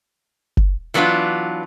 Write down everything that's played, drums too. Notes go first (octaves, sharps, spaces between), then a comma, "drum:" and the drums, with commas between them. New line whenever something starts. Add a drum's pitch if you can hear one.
drum: kick F#1
E3 F#3 B3 D4 F4